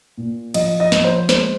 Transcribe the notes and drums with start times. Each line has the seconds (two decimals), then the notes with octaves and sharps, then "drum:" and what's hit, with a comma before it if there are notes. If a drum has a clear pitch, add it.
0.17 A#2
0.54 F3 D#5, drum: cymbal
0.80 D#5
0.92 F3, drum: snare
1.04 C5
1.29 G#3 C5, drum: snare